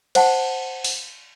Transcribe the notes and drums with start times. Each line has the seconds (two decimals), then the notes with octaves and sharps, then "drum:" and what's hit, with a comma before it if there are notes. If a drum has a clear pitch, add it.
0.15 C5 F#5 A5, drum: cymbal
0.84 drum: open hi-hat